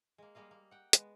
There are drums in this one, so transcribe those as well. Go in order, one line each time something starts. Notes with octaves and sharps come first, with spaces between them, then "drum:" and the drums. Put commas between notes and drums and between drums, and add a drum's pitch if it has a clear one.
G#3 A#3
G3 G#3 A#3 D#5 F5
A#3
F#5 G5
G#3 B3, drum: hi-hat